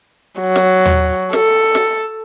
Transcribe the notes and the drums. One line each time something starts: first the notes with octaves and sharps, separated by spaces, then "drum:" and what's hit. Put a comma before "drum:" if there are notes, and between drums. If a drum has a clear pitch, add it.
F#3
drum: snare
drum: tom D#2
A4, drum: snare
drum: snare